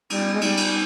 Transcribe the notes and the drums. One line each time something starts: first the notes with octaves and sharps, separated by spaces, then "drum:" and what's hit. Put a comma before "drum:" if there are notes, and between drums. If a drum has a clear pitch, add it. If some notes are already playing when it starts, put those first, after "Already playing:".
G3, drum: cymbal
G#3
G3, drum: cymbal
drum: cymbal